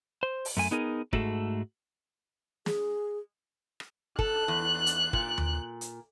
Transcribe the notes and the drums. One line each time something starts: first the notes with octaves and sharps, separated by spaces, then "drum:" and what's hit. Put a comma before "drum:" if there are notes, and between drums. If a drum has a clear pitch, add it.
C5
drum: open hi-hat
F#2 A3 G#5
B3 D#4 G#4 A#4
G#2 A3 F#4 G#4 A4, drum: kick
G#4, drum: snare
drum: rim click
A4 F#6, drum: kick
E2
drum: hi-hat
A#2, drum: kick
drum: tom D#2
drum: hi-hat